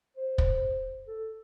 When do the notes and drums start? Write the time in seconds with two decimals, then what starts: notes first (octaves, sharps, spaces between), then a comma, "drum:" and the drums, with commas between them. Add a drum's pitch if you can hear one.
0.17 C5
0.38 drum: kick
1.08 A4